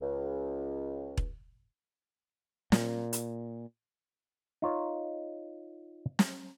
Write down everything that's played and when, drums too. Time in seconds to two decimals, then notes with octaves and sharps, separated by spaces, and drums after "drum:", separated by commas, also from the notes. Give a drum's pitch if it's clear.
0.01 C#2
1.17 drum: kick E1
2.72 A#2, drum: snare
3.13 drum: hi-hat
4.62 D#4 F4 C#5
6.19 drum: snare